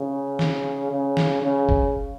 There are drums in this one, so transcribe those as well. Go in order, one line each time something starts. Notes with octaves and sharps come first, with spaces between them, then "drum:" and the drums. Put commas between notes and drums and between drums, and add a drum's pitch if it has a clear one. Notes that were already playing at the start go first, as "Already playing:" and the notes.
Already playing: C#3
drum: snare
C#3
drum: snare
C#3
drum: kick